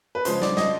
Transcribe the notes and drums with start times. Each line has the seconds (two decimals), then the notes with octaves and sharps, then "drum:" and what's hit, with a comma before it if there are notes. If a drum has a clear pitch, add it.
0.15 B4
0.25 C#3 F3 G#3 C5, drum: hi-hat
0.42 D5, drum: snare
0.57 D#5, drum: snare